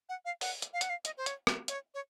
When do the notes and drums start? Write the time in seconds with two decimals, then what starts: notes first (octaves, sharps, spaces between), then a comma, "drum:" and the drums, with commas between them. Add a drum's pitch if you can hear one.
0.09 F#5
0.25 F5
0.41 F#5, drum: open hi-hat
0.62 drum: hi-hat
0.73 F5
0.81 F#5, drum: hi-hat
0.90 F5
1.05 D#5, drum: hi-hat
1.17 C5
1.26 C#5, drum: hi-hat
1.47 drum: rim click
1.68 C#5, drum: hi-hat
1.94 C#5